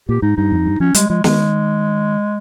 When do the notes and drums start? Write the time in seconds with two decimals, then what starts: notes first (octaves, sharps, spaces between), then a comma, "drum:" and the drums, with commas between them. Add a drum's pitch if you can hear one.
0.08 A#2 G4
0.22 G#2 D#4
0.37 G2 D#4
0.52 F2
0.66 G2
0.80 F3 C#4
0.94 G3 G#3, drum: hi-hat
1.09 F3 G#3
1.24 D#3 G#3, drum: snare